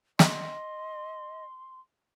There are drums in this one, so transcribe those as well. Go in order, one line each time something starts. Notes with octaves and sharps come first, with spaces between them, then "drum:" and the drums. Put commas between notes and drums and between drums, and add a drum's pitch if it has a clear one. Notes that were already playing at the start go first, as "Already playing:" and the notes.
D#5 C6, drum: snare